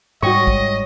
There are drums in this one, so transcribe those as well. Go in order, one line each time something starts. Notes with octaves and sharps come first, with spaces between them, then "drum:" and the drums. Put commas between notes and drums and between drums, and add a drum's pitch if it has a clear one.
G#2 G3 G#3 F#4 C#5 D#5 G5 C#6
drum: kick